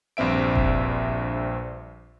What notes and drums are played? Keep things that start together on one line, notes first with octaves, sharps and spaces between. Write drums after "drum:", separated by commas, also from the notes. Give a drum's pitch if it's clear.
A#1 G2 C4 E5 D7
drum: kick F1